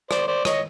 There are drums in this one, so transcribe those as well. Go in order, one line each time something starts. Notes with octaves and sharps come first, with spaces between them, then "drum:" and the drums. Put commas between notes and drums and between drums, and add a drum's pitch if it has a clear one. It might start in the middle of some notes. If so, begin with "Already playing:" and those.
C5 D5, drum: rim click
C5 D5
C#5 D#5, drum: rim click